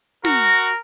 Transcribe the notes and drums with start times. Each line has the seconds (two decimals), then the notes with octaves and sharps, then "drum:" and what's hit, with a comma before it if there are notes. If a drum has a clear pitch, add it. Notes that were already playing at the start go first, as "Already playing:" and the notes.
0.25 F#4 A#4, drum: snare